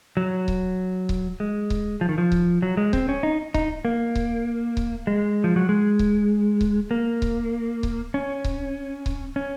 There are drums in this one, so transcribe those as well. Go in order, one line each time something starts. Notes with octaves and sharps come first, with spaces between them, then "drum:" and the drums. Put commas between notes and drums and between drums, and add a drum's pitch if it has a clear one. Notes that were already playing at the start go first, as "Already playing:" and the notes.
F#3
drum: kick C#1
drum: kick C#1
G#3
drum: kick C#1
F3
D#3
F3
drum: kick C#1
F#3
G#3
C4, drum: kick C#1
C#4
D#4
D#4, drum: kick C#1
A#3
drum: kick C#1
drum: kick C#1
G#3
F3
F#3
G#3
drum: kick C#1
drum: kick C#1
A#3
drum: kick C#1
drum: kick C#1
C#4
drum: kick C#1
drum: kick C#1
C#4